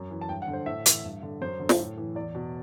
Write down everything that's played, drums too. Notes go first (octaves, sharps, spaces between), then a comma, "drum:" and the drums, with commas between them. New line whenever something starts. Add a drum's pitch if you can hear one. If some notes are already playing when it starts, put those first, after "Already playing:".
Already playing: F#2
E3
A5
G2 G5
F#5
D3
C5
A2 E5
E3, drum: hi-hat
G2
D3
F#2 C5
D3
drum: snare
A2
E3
E2 D5
B2